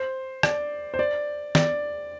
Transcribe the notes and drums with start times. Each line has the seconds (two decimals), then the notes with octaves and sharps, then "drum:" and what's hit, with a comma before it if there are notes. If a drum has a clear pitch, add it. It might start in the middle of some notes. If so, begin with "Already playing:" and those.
Already playing: C5
0.43 D5, drum: rim click
0.94 C5
0.99 D5
1.55 D5, drum: snare